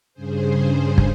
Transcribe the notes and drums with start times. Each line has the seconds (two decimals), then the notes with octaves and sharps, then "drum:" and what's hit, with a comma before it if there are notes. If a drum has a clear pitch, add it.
0.14 G2 C#3 G#4 C5
0.98 drum: kick